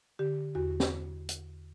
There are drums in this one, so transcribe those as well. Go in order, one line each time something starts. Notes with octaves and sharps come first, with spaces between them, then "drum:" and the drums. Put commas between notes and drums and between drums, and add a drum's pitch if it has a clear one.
D3 G4
E2 F#4
drum: snare
drum: hi-hat